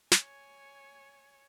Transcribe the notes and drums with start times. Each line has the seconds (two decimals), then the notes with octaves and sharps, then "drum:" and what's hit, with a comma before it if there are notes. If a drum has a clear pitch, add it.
0.12 C#5 G#5, drum: snare